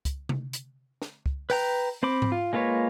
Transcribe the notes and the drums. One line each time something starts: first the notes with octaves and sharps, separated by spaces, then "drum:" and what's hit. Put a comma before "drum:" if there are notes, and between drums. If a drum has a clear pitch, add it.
drum: kick C#2, hi-hat
drum: tom C3
drum: hi-hat
drum: snare
drum: kick C#2
B4 G5 A#5, drum: open hi-hat
C4 C5 B5 D6
drum: tom G#2
F4
G#3 A#3 F4 B4 C#5